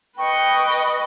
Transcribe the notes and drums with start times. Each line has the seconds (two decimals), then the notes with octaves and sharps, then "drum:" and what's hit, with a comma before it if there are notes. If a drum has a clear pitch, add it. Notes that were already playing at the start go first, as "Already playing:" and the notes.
0.18 B4 D#5 G5 C#6
0.71 drum: open hi-hat